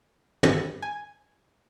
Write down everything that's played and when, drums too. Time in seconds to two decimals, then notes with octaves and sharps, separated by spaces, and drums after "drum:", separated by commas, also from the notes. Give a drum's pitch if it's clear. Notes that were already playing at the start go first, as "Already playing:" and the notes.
0.43 G2, drum: tom
0.82 G#5